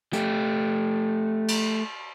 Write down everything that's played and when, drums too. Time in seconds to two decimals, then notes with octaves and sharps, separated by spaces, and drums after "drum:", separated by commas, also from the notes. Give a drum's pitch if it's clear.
0.13 A3 G4, drum: hi-hat
1.48 drum: cymbal